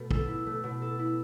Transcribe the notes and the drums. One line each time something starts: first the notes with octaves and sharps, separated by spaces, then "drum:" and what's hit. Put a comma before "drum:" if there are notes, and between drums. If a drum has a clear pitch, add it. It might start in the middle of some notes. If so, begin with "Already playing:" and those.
Already playing: B2 A3
A4, drum: kick
E4
A3
B2
A4
E4